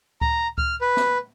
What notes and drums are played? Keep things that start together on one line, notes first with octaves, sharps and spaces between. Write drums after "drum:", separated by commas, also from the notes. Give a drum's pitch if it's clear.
A#5, drum: kick C#2
F6, drum: kick C#2
B4
drum: snare